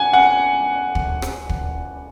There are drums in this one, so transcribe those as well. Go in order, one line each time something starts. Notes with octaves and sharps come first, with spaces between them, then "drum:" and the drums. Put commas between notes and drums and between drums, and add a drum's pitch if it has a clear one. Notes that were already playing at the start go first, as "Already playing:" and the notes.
Already playing: F#5 G#5
F#5
drum: kick
drum: rim click
drum: kick